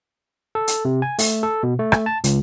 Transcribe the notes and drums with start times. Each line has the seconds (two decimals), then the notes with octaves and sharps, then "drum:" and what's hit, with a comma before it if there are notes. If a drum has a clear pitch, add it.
0.55 A4
0.68 drum: hi-hat
0.85 C3
1.02 G#5
1.19 A3, drum: open hi-hat
1.43 A4
1.63 B2
1.79 A3
1.92 drum: rim click
2.06 A5
2.24 C#2, drum: hi-hat